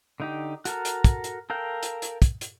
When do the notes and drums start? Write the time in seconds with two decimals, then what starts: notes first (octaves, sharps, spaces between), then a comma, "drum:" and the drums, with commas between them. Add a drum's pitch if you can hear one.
0.20 D3 D#4 G4
0.65 F#4 A4 A#4, drum: hi-hat
0.85 drum: hi-hat
1.04 drum: kick, hi-hat
1.24 drum: hi-hat
1.50 A4 A#4 F5 G5
1.83 drum: hi-hat
2.02 drum: hi-hat
2.22 drum: kick, hi-hat
2.41 drum: hi-hat